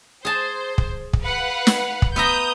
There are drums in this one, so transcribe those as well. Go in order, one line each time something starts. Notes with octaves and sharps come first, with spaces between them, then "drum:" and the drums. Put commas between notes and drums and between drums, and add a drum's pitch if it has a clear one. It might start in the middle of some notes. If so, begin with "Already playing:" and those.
G#4 C5 A5
drum: kick
drum: kick
B4 F5 F#5
drum: snare
drum: kick
B3 E5 A#5 D#6 G6